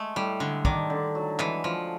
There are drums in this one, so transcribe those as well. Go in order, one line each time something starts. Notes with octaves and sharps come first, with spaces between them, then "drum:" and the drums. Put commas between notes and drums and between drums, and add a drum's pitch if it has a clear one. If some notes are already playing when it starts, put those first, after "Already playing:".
Already playing: G#3 A3
A2 G3
D3 G#3
D#3 D4, drum: kick
D3
F#3
E3 G#3, drum: clap
F3 F4